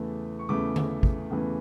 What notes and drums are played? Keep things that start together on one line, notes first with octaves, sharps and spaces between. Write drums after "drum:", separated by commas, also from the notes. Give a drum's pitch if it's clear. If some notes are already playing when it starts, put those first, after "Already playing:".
Already playing: E2 C#3 E3 A3
C#6
E2 C#3 E3 A3 D6
drum: tom D3
drum: kick
E2 C#3 E3 A3